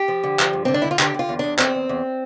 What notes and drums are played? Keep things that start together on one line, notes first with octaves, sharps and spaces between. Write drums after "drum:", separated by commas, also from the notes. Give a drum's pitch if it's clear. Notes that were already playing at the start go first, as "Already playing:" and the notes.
Already playing: G4
F3
D3
F3, drum: clap
G2
D3 C4
D4
D3 E4
F4
D3 G4, drum: clap
D3 F4
E2
E2 D4
E2 C4, drum: clap
E2
E2